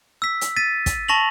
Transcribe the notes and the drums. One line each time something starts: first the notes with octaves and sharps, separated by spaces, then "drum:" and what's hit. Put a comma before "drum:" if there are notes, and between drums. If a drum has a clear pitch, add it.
E6 B6
drum: hi-hat
A6 B6 D#7
drum: kick, hi-hat
A5 C#6 A#6 F7 F#7